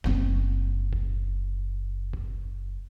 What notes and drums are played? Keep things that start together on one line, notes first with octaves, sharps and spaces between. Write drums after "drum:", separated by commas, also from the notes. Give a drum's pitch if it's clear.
F#1 C4, drum: snare
drum: kick
drum: kick